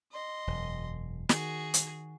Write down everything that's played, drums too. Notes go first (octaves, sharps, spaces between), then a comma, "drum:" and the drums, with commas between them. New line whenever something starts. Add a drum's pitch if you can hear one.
D#5 C6
E1 F#2
D#3 F#4 G#4, drum: snare
drum: hi-hat